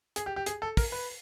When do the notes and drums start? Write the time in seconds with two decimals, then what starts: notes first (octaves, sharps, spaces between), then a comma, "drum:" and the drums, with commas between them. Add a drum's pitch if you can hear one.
0.16 G#4, drum: hi-hat
0.26 G4
0.36 G4
0.46 G#4, drum: hi-hat
0.62 A4
0.77 A#4, drum: kick, open hi-hat
0.92 B4